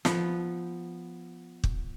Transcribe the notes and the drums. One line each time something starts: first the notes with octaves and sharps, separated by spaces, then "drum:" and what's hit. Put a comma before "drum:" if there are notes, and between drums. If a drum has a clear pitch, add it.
F3 B3, drum: snare
drum: kick